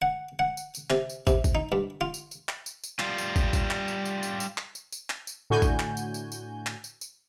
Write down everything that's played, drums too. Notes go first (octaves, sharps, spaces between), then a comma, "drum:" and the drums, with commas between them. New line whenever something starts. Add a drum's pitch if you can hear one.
F#5
F#5
drum: tambourine
drum: tambourine
C3, drum: clap
drum: tambourine
C3, drum: kick, tambourine
drum: kick, tambourine
D#4
G2
F4
drum: tambourine
drum: tambourine
drum: clap
drum: tambourine
drum: tambourine
G3 F4, drum: clap
drum: tambourine
drum: kick, tambourine
drum: kick, tambourine
drum: clap
drum: tambourine
drum: tambourine
drum: tambourine
drum: tambourine
drum: clap
drum: tambourine
drum: tambourine
drum: clap
drum: tambourine
A2 D3 F#4 G#5 G6
drum: kick, tambourine
drum: clap
drum: tambourine
drum: tambourine
drum: tambourine
drum: clap
drum: tambourine
drum: tambourine